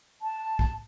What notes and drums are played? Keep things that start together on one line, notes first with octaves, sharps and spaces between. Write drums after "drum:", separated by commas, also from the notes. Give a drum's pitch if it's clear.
A5
drum: kick